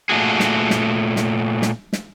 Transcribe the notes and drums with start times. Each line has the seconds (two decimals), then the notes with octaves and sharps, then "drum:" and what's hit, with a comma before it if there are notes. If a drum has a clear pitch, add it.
0.09 A#2 A3 F#4 G#4
0.40 drum: snare
0.70 drum: snare
1.16 drum: snare
1.62 drum: snare
1.93 drum: snare